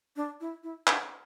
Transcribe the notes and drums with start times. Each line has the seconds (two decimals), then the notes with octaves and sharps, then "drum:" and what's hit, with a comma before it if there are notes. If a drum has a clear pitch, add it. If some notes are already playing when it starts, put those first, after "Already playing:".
0.16 D4
0.41 E4
0.63 E4
0.87 D4, drum: clap